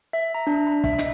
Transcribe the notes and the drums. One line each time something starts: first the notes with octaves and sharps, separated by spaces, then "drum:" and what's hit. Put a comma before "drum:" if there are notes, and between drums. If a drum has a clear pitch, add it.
E5
A#5
D4
B5
E5, drum: kick
D#5, drum: snare